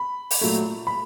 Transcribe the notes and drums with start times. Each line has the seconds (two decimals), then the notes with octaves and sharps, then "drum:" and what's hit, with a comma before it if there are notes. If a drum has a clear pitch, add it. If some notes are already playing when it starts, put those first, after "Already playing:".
Already playing: B5
0.31 drum: open hi-hat
0.41 A#2 F#3 A3
0.87 B5